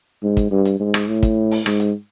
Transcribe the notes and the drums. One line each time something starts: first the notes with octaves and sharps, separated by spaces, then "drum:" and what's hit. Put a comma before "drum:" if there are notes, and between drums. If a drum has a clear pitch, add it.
G#2
drum: kick, hi-hat
G2
drum: hi-hat
G#2
drum: rim click
A2
drum: kick, hi-hat
drum: open hi-hat
G#2, drum: rim click
drum: hi-hat